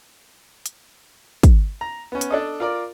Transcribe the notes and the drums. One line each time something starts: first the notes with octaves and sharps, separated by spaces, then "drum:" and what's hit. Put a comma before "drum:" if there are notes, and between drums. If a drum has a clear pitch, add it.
drum: hi-hat
drum: kick, hi-hat
A#5
B3 C#4
drum: hi-hat
D4 A4 D#5
F4 A#4 D5